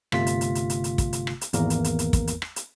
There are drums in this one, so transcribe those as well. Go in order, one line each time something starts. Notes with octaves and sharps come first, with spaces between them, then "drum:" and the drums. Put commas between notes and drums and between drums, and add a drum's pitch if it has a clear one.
G1 C3 A3 F4 B6, drum: rim click
drum: hi-hat
drum: hi-hat
drum: hi-hat
drum: hi-hat
drum: hi-hat
drum: kick, hi-hat
drum: hi-hat
drum: rim click
drum: hi-hat
G#1 E2 A#3 A#4, drum: hi-hat
drum: hi-hat
drum: hi-hat
drum: hi-hat
drum: kick, hi-hat
drum: hi-hat
drum: rim click
drum: hi-hat